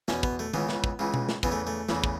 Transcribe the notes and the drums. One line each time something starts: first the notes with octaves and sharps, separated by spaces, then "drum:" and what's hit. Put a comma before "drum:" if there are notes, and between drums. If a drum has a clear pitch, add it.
E2 B2 C#4, drum: snare
B3, drum: kick
A3
C#2 C#3 E3 B3, drum: tom D#3
drum: snare
drum: kick
C#2 C#3 E3
drum: tom B2
drum: snare
E2 C#3 E3 B3, drum: kick
A3
A3
E2 C#3 E3, drum: snare
drum: kick